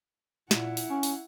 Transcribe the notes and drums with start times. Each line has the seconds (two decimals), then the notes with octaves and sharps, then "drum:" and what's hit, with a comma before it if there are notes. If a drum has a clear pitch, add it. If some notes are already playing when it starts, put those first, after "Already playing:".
0.51 A#2 E4 F#5, drum: snare
0.77 drum: open hi-hat
0.90 C#4
1.03 drum: open hi-hat